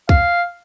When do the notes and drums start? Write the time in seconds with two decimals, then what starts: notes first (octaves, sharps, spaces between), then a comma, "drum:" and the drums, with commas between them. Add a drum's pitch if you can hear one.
0.09 F5, drum: kick B1